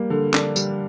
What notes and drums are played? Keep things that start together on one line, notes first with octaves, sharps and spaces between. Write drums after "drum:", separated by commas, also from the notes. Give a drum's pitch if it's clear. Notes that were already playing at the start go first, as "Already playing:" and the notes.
Already playing: G3 A#3
D3
D4, drum: clap
G3, drum: tambourine